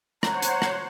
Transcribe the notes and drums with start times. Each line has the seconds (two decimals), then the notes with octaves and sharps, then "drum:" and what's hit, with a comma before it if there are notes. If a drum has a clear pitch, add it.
0.23 C5 C#5 F#5 A#5, drum: rim click
0.42 drum: hi-hat
0.62 drum: rim click